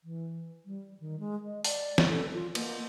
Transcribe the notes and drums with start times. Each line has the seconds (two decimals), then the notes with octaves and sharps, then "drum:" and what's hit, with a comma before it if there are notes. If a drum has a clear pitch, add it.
0.04 E3
0.65 G3
1.00 D#3
1.20 G#3
1.46 D#5
1.64 D5, drum: open hi-hat
1.98 drum: snare
2.08 A4
2.34 F4
2.55 A#3, drum: cymbal